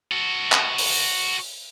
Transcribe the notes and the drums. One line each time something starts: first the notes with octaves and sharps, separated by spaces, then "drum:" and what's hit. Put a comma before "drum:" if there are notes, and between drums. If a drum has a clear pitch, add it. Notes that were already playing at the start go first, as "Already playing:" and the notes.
F#4 A4
drum: clap
drum: open hi-hat